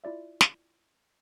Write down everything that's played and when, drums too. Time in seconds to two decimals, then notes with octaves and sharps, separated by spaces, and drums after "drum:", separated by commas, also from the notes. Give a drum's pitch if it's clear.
0.04 E4 F4 D5 E5
0.41 drum: snare